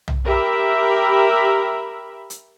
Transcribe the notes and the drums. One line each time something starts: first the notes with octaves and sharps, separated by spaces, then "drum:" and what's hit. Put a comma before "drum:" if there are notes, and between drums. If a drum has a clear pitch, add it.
drum: tom
G4 A#4 E5 B5
drum: hi-hat